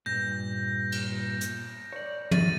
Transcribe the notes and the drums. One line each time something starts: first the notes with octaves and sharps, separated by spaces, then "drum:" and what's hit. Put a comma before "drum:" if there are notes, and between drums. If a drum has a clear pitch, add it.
G2 A#2 G6 A#6
drum: cymbal
drum: hi-hat
C#5 D5
G#2 A6 D#7, drum: tom